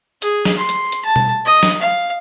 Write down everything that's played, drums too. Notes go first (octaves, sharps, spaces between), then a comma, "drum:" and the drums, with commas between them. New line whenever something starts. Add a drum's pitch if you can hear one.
G#4, drum: hi-hat
drum: snare
C6
drum: hi-hat
drum: hi-hat
A5
drum: tom B2
D#5
drum: snare
F5